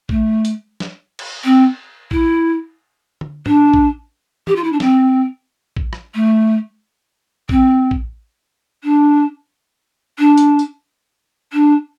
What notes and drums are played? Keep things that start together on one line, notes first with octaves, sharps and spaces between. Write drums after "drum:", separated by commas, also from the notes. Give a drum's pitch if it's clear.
A3, drum: kick
drum: hi-hat
drum: snare
drum: cymbal
C4
E4, drum: kick
drum: tom D3
D4, drum: tom
drum: kick
G4, drum: tom
F4
E4
D4
C4, drum: snare
drum: kick
drum: rim click
A3
C4, drum: kick
drum: kick
D4
D4
drum: hi-hat
drum: tambourine
D4